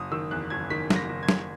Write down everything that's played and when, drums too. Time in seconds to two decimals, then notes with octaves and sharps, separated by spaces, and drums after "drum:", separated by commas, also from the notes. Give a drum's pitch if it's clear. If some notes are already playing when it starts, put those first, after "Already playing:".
Already playing: F#1 D#6
0.11 D#3 E6
0.31 E2 F#6
0.50 F#1 G#6
0.70 D#3 B6
0.90 F#1, drum: snare
0.96 A#6
1.09 F#1
1.23 G#6
1.29 F#1, drum: snare